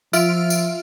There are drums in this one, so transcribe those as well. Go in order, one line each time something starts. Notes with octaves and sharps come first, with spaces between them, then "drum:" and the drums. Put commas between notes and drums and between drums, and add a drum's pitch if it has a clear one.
F3 F4 E5 F6 D7, drum: tambourine
drum: tambourine